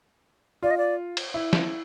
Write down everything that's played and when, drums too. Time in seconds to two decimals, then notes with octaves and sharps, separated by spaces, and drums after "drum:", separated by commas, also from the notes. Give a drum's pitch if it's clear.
0.63 F4 D5
0.71 D#5
0.78 D5
1.17 drum: cymbal
1.34 E4
1.53 drum: snare